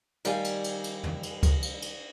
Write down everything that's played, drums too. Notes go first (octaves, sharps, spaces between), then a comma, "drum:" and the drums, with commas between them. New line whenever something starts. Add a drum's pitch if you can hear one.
D#3 G3 G4 F5 G#5, drum: cymbal
drum: cymbal
drum: cymbal
drum: cymbal
drum: tom
drum: cymbal
drum: kick C#2, cymbal
drum: cymbal
drum: cymbal